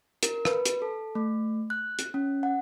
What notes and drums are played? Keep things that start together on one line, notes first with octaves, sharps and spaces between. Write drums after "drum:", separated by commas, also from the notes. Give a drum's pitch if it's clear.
A#4, drum: hi-hat
B4, drum: rim click
drum: hi-hat
A4
A3
F#6
drum: hi-hat
C#4
F#5